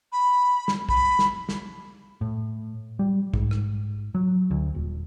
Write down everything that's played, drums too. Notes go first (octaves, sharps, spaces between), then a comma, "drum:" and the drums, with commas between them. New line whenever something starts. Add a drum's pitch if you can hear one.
B5
drum: snare
B5, drum: kick
drum: snare
drum: snare
A2
G3
G#2, drum: kick
drum: rim click
F#3
D2
D#1